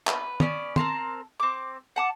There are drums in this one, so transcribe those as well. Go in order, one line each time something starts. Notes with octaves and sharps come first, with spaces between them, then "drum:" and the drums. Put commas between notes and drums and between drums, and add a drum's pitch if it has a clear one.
B4, drum: clap
B3 C#4 D5, drum: tom
C4 A#4 A5 C6, drum: tom
C4 D6
F#5 A5 D6